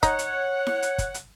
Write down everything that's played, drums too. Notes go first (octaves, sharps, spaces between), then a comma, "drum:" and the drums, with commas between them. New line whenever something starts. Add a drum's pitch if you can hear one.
D#4 C#5 F#5, drum: kick, hi-hat
drum: hi-hat
drum: snare E4
drum: hi-hat
drum: kick, hi-hat
drum: hi-hat